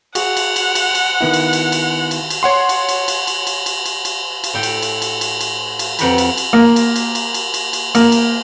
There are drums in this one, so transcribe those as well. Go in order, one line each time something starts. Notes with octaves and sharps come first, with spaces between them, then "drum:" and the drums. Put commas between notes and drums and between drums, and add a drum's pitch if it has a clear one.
F#4 G#4 F#5, drum: cymbal
drum: cymbal
drum: cymbal
drum: cymbal
drum: cymbal
D#3 B3 E4
drum: cymbal
drum: cymbal
drum: cymbal
drum: cymbal
drum: cymbal
C#5 F#5 C6
drum: cymbal
drum: cymbal
drum: cymbal
drum: cymbal
drum: cymbal
drum: cymbal
drum: cymbal
drum: cymbal
drum: cymbal
A2 G5
drum: cymbal
drum: cymbal
drum: cymbal
drum: cymbal
drum: cymbal
drum: cymbal
F2 B4 F#5 G5 A#5 B5, drum: cymbal
drum: cymbal
drum: cymbal
A#3
drum: cymbal
drum: cymbal
drum: cymbal
drum: cymbal
drum: cymbal
drum: cymbal
A#3, drum: cymbal
drum: cymbal